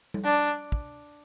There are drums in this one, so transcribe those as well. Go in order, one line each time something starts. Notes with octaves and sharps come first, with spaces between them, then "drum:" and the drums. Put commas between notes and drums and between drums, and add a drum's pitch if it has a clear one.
drum: tom G3
D4
drum: kick